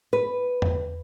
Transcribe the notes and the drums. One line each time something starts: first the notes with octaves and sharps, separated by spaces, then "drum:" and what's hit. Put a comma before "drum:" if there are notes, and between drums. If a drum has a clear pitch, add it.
B4
drum: tom E2